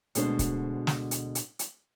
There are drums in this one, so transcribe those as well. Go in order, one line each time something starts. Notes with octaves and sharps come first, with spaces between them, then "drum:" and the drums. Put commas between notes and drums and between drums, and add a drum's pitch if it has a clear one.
D2 B2 G#3 D4 F#4 C5, drum: hi-hat
drum: kick C#1, hi-hat
drum: snare
drum: hi-hat
drum: hi-hat
drum: hi-hat